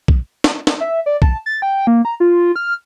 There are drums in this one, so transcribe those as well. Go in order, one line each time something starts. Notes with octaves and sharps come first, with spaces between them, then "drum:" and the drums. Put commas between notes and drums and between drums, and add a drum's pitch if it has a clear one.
drum: kick
drum: snare
drum: snare
E5
D5
A5, drum: kick
A6
G5
A#3
A#5
F4
F6